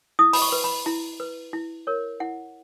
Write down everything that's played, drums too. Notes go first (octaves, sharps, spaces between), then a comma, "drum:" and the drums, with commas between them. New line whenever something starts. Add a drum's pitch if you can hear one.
E4 D#6
B5, drum: open hi-hat
C#6
B4
B5
E4 A#5
B4
E4
A#4 C#5
E4 F#5